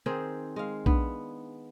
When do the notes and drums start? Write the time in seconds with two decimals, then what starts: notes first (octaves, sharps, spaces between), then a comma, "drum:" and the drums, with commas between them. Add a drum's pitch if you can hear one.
0.06 D#3 C4 G#4
0.56 G#3 F5
0.86 B3 D4, drum: kick A#1